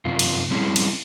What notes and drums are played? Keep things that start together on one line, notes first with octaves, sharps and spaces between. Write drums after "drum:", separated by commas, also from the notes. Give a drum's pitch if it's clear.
F#2 C3 F4
drum: cymbal
G3 C4 C#4 E4 G#4
drum: cymbal